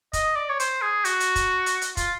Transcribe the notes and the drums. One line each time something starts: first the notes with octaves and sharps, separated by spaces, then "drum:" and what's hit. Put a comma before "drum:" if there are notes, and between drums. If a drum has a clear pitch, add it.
D#5, drum: kick, hi-hat
D5
C#5
C5, drum: hi-hat
G#4
F#4, drum: hi-hat
drum: hi-hat
drum: kick, hi-hat
drum: hi-hat
drum: hi-hat
F4, drum: kick, hi-hat